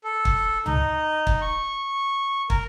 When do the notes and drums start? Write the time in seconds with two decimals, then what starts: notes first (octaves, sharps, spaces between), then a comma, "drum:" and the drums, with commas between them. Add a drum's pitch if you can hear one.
0.04 A4
0.25 drum: kick
0.66 D#4, drum: tom C#2
1.27 drum: kick
1.41 C#6
2.50 A#4, drum: kick